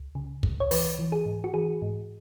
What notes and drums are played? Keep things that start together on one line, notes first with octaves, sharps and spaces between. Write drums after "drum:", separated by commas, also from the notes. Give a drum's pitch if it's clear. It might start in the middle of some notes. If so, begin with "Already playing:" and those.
Already playing: C#2
C#3
C#2, drum: kick
C#5
E3 B4, drum: open hi-hat
E3
G#4
G#2
F#4
E3 G#4
G#2